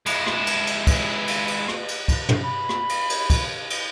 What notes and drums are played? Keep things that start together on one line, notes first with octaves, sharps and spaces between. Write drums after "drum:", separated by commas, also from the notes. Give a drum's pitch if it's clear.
G#3 E4, drum: cymbal
drum: rim click
drum: cymbal
drum: cymbal
drum: kick, cymbal
drum: cymbal
drum: cymbal
drum: rim click
drum: cymbal
drum: kick, cymbal
drum: tom
B5
drum: rim click
drum: cymbal
drum: cymbal
drum: kick, cymbal
drum: cymbal